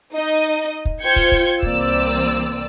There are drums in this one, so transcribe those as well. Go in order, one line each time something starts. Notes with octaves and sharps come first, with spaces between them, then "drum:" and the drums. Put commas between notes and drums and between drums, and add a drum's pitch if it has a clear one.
D#4 D#5
drum: kick
F4 C5 G5 G6 G#6 C#7
drum: kick
drum: kick
C2 E3 A#3 C4 D5 E6, drum: kick